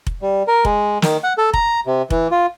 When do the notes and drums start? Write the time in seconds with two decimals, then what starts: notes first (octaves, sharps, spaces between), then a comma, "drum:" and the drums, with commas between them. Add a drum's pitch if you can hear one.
0.07 drum: kick F1
0.22 G3
0.48 A#4
0.65 G#3, drum: kick F1
1.02 D#3, drum: snare
1.23 F#5
1.38 A4
1.53 A#5, drum: kick F1
1.87 C3
2.10 E3, drum: kick F1
2.31 F4